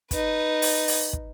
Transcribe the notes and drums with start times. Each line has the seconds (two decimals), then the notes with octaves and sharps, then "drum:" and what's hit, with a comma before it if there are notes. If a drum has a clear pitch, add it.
0.11 D#4 B4, drum: kick, hi-hat
0.62 drum: open hi-hat
0.88 drum: open hi-hat
1.13 drum: kick